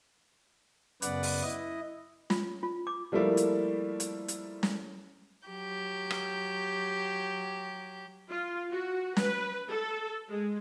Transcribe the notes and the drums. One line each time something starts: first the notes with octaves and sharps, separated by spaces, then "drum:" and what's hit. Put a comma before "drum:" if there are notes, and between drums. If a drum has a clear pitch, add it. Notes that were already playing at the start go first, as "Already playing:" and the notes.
F#2 C#3 B3 B4 D5 F#5, drum: hi-hat
drum: open hi-hat
E4 D#5
F4, drum: snare
F4
D6
F3 G3 A3 A#3 E4 F4
drum: hi-hat
drum: hi-hat
drum: hi-hat
drum: snare
F#3 G4 G6
drum: rim click
F4
F#4
B4, drum: snare
A4
G#3